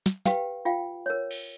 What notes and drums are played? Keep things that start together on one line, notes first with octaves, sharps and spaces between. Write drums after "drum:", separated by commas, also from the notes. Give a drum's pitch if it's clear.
drum: snare
G4 B4 F5 G5, drum: snare
F4 F5 G5
A#4 C#5
drum: cymbal